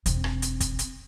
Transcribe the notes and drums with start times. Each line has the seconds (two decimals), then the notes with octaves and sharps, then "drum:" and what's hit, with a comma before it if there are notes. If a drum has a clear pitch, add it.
0.06 E1 C4, drum: hi-hat
0.24 drum: rim click
0.42 drum: hi-hat
0.60 drum: kick, hi-hat
0.79 drum: hi-hat